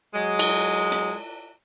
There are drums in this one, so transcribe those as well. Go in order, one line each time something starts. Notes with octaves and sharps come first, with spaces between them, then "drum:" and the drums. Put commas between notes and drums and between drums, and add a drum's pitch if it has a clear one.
F#3 G#3
drum: cymbal
drum: hi-hat